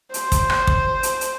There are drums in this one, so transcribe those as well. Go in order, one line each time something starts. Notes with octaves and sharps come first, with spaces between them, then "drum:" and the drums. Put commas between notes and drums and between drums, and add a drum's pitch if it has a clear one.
C5, drum: hi-hat
drum: kick, hi-hat
drum: rim click
drum: kick
drum: hi-hat
drum: hi-hat